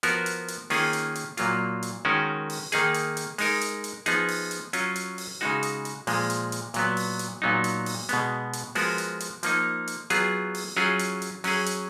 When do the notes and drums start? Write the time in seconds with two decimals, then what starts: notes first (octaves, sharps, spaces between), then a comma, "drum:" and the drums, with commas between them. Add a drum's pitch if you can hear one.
0.03 F3 B3 F#4 A#4, drum: hi-hat
0.26 drum: hi-hat
0.48 drum: hi-hat
0.70 D#3 A#3 C#4 F4 G#4, drum: open hi-hat
0.93 drum: hi-hat
1.15 drum: hi-hat
1.37 A#2 F#3 A#3 F4, drum: hi-hat
1.83 drum: hi-hat
2.05 D#3 G#3 C#4 F#4 A#4
2.50 drum: open hi-hat
2.72 D#3 A#3 D#4 G#4, drum: hi-hat
2.94 drum: hi-hat
3.17 drum: hi-hat
3.38 G#3 D#4 A#4, drum: open hi-hat
3.61 drum: hi-hat
3.84 drum: hi-hat
4.06 F3 B3 D#4 G#4, drum: hi-hat
4.28 drum: open hi-hat
4.51 drum: hi-hat
4.73 F#3 C#4 F4, drum: hi-hat
4.96 drum: hi-hat
5.18 drum: open hi-hat
5.41 C#3 G#3 D#4 F#4
5.63 drum: hi-hat
5.85 drum: hi-hat
6.07 A#2 F3 G#3, drum: open hi-hat
6.30 drum: hi-hat
6.52 drum: hi-hat
6.74 A#2 F#3 B3, drum: hi-hat
6.97 drum: open hi-hat
7.19 drum: hi-hat
7.42 A#2 F#3 B3 D#4
7.64 drum: hi-hat
7.86 drum: open hi-hat
8.09 B2 G#3 B3, drum: hi-hat
8.53 drum: hi-hat
8.75 F3 G#3 B3 F#4 A#4, drum: open hi-hat
8.98 drum: hi-hat
9.20 drum: hi-hat
9.43 F3 A#3 D#4, drum: hi-hat
9.87 drum: hi-hat
10.10 F#3 B3 F4 G#4, drum: hi-hat
10.55 drum: open hi-hat
10.77 F#3 C#4 F4 G#4
10.99 drum: hi-hat
11.22 drum: hi-hat
11.44 F#3 C#4 G#4, drum: open hi-hat
11.66 drum: hi-hat